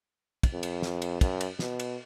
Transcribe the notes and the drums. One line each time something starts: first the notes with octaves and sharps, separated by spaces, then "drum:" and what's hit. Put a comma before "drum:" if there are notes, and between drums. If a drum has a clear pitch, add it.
drum: kick, cymbal
F2
drum: cymbal
drum: snare
drum: cymbal
F#2, drum: kick, cymbal
drum: cymbal
B2, drum: snare
drum: cymbal